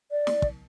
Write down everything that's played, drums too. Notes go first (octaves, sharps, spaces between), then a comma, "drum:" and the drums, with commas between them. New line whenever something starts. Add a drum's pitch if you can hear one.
D5
drum: snare
drum: kick